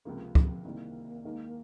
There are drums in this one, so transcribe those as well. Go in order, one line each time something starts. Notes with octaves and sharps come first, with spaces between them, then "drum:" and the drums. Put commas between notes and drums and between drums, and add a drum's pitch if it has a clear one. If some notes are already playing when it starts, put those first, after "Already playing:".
C#2 C3 F3 A#3 C#4
C4, drum: kick
C2 C3 D#3 A#3
D#2 D#3 G#3 D#4 A#4